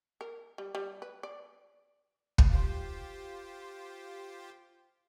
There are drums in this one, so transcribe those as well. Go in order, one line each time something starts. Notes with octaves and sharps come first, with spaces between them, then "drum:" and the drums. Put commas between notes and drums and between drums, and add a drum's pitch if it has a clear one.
A#4
G3
G3
B4
D5
drum: kick
F4 G4 C5